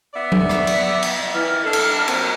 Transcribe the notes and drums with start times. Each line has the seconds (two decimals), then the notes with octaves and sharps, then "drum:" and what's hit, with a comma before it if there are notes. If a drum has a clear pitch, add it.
0.14 B3 D5 E5
0.32 drum: tom F#3
0.49 drum: rim click
0.67 drum: cymbal
1.02 drum: cymbal
1.34 E3 F6
1.64 D4 A4
1.73 drum: cymbal
2.08 F#3 A#3 C4, drum: cymbal